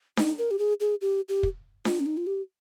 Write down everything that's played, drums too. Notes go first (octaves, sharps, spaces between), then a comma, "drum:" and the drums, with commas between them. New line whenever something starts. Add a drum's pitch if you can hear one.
D#4, drum: snare D4
A#4
G4
G#4
G#4
G4
G4
drum: kick
F4, drum: snare D4
C#4
D#4
F4
G4